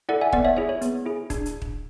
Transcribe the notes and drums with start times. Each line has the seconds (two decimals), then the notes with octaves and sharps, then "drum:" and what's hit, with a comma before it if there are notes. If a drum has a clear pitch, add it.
0.09 E4 A4 D5 F#5
0.21 E5 G#5
0.33 B3 D5 F#5, drum: kick
0.45 C#5 E5
0.57 E4 G#4 C#5
0.69 C#5
0.82 B3, drum: hi-hat
1.06 E4 G#4
1.30 D4, drum: kick, hi-hat
1.46 drum: hi-hat
1.62 drum: kick